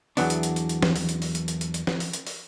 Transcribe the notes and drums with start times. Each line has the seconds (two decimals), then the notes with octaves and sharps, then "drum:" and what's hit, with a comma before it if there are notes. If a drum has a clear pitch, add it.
0.17 E2 B2 E3 F#3 B3 D4, drum: open hi-hat
0.30 drum: hi-hat
0.43 drum: hi-hat
0.56 drum: hi-hat
0.69 drum: hi-hat
0.82 drum: snare
0.96 drum: open hi-hat
1.09 drum: hi-hat
1.22 drum: open hi-hat
1.35 drum: hi-hat
1.48 drum: hi-hat
1.61 drum: hi-hat
1.74 drum: hi-hat
1.87 drum: snare
2.00 drum: open hi-hat
2.13 drum: hi-hat
2.27 drum: open hi-hat